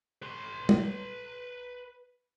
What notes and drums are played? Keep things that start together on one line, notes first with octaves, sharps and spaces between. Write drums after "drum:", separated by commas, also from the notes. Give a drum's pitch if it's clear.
B4 C6
drum: tom G3